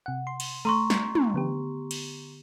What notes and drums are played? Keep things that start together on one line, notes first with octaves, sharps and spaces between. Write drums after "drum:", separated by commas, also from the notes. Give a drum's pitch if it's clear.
C3 F#5
C6
drum: cymbal
A3 A#5 C6 C#6
drum: snare
drum: tom
D3 B3 G4
drum: cymbal